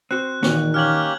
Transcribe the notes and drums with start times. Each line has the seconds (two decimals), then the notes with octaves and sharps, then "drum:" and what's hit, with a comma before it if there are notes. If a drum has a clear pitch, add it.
0.11 C4 F#4 C5 F#6
0.43 E2 A#2 D#3 F#4, drum: snare
0.74 A#3 C#4 G4 F6 G#6 F#7